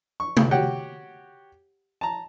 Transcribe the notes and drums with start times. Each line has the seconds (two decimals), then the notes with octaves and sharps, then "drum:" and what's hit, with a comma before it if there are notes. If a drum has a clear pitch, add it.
0.20 C#6
0.37 drum: tom
0.51 F#4 G4 C#5 F#5 G5
2.01 A5 A#5